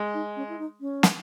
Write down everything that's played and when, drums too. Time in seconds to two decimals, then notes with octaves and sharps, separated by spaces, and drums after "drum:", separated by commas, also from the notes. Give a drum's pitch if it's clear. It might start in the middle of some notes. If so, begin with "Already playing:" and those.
Already playing: G#3
0.14 D#4
0.36 C#4
0.49 E4
0.59 D#4
0.81 C#4
1.03 drum: snare